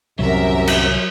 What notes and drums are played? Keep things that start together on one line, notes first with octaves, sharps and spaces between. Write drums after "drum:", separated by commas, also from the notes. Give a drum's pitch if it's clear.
C2 F#2 A2 C3 E3 F#3 A#4 E5
drum: cymbal